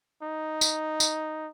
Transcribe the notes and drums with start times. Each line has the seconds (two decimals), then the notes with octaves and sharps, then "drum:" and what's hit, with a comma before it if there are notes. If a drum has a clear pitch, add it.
0.23 D#4
0.61 drum: tambourine
1.00 drum: tambourine